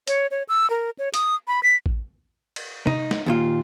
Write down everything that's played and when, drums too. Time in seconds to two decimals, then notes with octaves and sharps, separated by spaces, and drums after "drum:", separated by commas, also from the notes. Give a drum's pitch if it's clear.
0.07 C#5, drum: hi-hat
0.31 C#5
0.49 E6
0.70 A#4
0.99 C#5
1.14 D#6, drum: hi-hat
1.48 B5
1.63 B6
1.86 drum: kick A1
2.56 drum: cymbal
2.87 D#4, drum: tom
3.11 drum: snare
3.26 D#2 A#2 F4